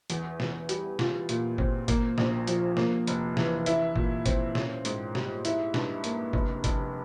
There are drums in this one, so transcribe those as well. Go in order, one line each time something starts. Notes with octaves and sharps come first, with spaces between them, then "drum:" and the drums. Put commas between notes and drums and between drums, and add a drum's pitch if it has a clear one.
E2, drum: hi-hat
E2, drum: snare
G3, drum: hi-hat
F4, drum: snare
A#2, drum: hi-hat
C4, drum: kick
A#3, drum: kick, hi-hat
A#1, drum: snare
F3, drum: hi-hat
A#3, drum: snare
F1, drum: hi-hat
E3, drum: snare
E4, drum: hi-hat
A#2, drum: kick
C4, drum: kick, hi-hat
C#4, drum: snare
G#2, drum: hi-hat
G3, drum: snare
E4, drum: hi-hat
G2, drum: snare
A#3, drum: hi-hat
F1, drum: kick
F1, drum: kick, hi-hat